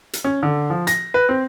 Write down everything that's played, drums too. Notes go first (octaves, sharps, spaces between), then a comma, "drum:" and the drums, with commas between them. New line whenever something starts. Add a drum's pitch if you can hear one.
drum: hi-hat
C#4
D3
F3
A#6, drum: hi-hat
B4
C4